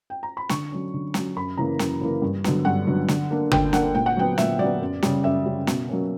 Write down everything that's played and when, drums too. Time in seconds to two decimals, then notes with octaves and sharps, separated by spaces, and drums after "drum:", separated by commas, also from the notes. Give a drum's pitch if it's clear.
0.10 G5
0.23 A#5
0.37 B5
0.49 D3 C#6, drum: snare
0.72 F#3 C#4
0.94 D3
1.14 F#3 C#4, drum: snare
1.36 F#2 B5
1.58 C#3 E3 A#3 A#5
1.79 F#2, drum: snare
2.01 C#3 E3 A#3
2.22 G2
2.44 D3 F#3 B3, drum: snare
2.65 G2 F#5
2.87 D3 F#3 B3
3.08 D3, drum: snare
3.31 A#3 D4
3.51 D3 G5, drum: tom
3.73 A#3 D4 F#5, drum: snare
3.95 A#2 G5
4.06 F#5
4.17 F#3 B3 G5
4.38 A#2 E5, drum: snare
4.59 F#3 B3 D5
4.81 F#2
5.03 C#3 G3, drum: snare
5.24 F#2 E5
5.46 C#3 G3
5.67 B2, drum: snare
5.89 F#3 A#3 C#4